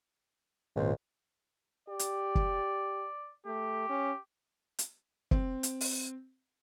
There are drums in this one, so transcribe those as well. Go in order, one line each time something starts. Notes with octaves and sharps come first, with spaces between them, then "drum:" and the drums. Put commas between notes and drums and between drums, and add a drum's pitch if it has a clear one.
G#1 C#2 A#2 C5
G4 D5
drum: hi-hat
drum: kick
A3 G4
C#4
drum: hi-hat
C4, drum: kick
drum: hi-hat
drum: open hi-hat